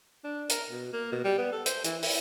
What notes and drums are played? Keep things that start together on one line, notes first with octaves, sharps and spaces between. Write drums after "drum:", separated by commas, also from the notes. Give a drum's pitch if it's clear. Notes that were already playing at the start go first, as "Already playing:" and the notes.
D4
A#4, drum: hi-hat
B2
A#3
B2
G3
B3
A4
C5, drum: hi-hat
E3, drum: hi-hat
E4, drum: open hi-hat